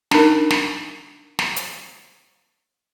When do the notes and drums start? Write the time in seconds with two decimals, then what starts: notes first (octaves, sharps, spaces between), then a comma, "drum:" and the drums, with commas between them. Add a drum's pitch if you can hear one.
0.11 D4 D#4 A#4, drum: snare
0.50 drum: snare
1.39 drum: snare
1.56 drum: hi-hat